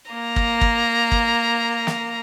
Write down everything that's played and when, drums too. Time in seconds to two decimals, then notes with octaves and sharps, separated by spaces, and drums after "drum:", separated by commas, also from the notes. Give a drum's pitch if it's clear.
0.11 A#3 A#5
0.36 drum: kick
0.61 drum: kick
1.12 drum: kick
1.87 drum: snare